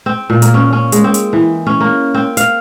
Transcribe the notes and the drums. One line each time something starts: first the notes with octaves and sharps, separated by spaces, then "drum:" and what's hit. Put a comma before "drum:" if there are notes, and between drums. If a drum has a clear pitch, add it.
C4
A#2
A#3, drum: hi-hat
C#4
C#4
G#3, drum: hi-hat
C4
drum: hi-hat
E3
C#4
A#3
C4
F5, drum: hi-hat